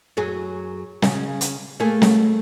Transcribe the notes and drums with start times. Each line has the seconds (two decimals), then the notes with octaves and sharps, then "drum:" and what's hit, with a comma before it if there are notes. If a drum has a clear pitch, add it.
0.17 F#2 F#3 G#4
1.02 C#3, drum: snare
1.41 drum: hi-hat
1.80 A3 A#3 G#4
2.02 drum: snare